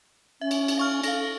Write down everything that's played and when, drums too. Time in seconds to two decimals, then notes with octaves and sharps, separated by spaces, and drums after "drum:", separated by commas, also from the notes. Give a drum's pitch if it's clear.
0.41 C#4 E5
0.51 drum: cymbal
0.68 drum: cymbal
0.77 F5 C#6 F6
1.03 A4 F5 A#6, drum: cymbal